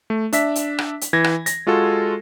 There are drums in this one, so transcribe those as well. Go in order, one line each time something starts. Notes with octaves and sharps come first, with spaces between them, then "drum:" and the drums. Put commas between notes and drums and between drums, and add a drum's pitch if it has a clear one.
A3
D4 E5 B6, drum: hi-hat
drum: hi-hat
drum: rim click
drum: hi-hat
E3 G#6 A#6
drum: rim click
A#6, drum: hi-hat
G#3 F4 F#4 A4